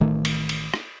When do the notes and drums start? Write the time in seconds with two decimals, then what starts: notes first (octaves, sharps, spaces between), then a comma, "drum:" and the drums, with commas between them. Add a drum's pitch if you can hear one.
0.01 A1 D#3 A3
0.25 drum: cymbal
0.49 drum: cymbal
0.74 drum: rim click